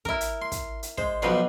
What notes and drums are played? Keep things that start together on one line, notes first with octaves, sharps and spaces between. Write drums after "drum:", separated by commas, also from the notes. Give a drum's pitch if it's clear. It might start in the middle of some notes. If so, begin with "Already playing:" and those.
E4 A#4, drum: kick
drum: hi-hat
C6
drum: kick, hi-hat
drum: hi-hat
G#3 C5, drum: kick
B1 B2 F3 G3 B4 C6